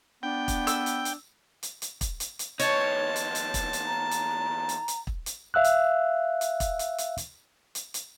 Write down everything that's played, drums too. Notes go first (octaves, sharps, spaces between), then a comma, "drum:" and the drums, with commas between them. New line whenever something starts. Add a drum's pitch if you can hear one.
B3 D4 G5
drum: kick, hi-hat
E6, drum: hi-hat
drum: hi-hat
drum: hi-hat
drum: hi-hat
drum: hi-hat
drum: kick, hi-hat
drum: hi-hat
drum: hi-hat
E2 D#4 C#5 A5, drum: hi-hat
drum: hi-hat
drum: hi-hat
drum: kick, hi-hat
drum: hi-hat
A#5
drum: hi-hat
drum: hi-hat
drum: hi-hat
drum: kick
drum: hi-hat
E5 F5 E6 F#6
drum: hi-hat
drum: hi-hat
drum: kick, hi-hat
drum: hi-hat
drum: hi-hat
drum: hi-hat
drum: hi-hat
drum: hi-hat